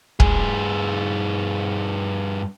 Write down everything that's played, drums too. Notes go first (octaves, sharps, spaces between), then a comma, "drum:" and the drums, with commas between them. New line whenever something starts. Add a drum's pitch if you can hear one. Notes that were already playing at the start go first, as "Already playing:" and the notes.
G2 G#4, drum: kick